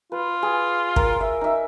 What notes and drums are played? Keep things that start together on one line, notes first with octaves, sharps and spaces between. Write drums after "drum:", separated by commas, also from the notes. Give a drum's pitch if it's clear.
F4 B4
G#4
A#4, drum: kick
E5
D#4 E5